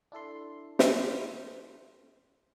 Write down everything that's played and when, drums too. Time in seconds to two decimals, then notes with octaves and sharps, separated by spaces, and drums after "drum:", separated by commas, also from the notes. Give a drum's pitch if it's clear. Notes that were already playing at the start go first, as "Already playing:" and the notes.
0.12 D4 E4 A4 C6
0.79 drum: snare